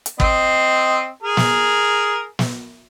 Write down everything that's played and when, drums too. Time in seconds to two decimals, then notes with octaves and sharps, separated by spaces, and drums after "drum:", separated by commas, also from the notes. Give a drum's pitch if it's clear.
0.06 drum: hi-hat
0.20 C4 D#5, drum: kick
1.23 G#4 A#4
1.37 drum: snare
2.39 drum: snare